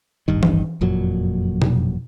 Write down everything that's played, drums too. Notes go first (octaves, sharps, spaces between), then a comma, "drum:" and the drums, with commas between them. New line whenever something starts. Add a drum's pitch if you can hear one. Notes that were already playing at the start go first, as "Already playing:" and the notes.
D1 G#1 G2 D#3
drum: tom E3
F#1 F2 A#2 F#3
drum: tom B2